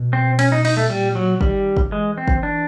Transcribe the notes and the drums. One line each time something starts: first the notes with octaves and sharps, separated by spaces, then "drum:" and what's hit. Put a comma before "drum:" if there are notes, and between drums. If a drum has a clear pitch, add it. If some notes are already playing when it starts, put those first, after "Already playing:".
Already playing: B2
C4
C#4, drum: cymbal
D#4
D#4, drum: cymbal
A3
A#2 G3
F#3
D#3 G3, drum: kick
drum: kick
E3 G#3
C4
drum: kick
D4